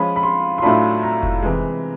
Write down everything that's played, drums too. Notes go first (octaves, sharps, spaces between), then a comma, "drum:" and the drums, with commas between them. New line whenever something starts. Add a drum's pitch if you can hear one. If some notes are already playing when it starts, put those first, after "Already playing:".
Already playing: F3 G#3 C#4 F4 B5
B5
C6
C6
A2 F#3 A3 D4 F4 B5
A#5
drum: kick F1
C3 E3 G#3